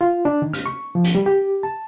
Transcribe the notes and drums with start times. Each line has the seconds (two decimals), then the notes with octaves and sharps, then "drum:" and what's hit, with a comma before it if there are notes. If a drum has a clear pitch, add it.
0.01 F4
0.25 D4
0.42 D#3
0.53 F6, drum: hi-hat
0.66 C#6
0.95 F3
1.04 drum: hi-hat
1.15 G3
1.26 G4
1.63 A5